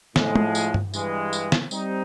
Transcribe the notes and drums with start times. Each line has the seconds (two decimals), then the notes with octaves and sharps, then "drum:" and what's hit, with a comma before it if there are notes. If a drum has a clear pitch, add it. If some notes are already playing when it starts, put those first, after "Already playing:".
0.16 A2 F3 G#3, drum: snare
0.35 drum: tom
0.55 drum: tambourine
0.74 drum: tom G2
0.94 G2 E3 G#3, drum: tambourine
1.33 drum: tambourine
1.52 drum: snare
1.71 G3 C4 D#4, drum: tambourine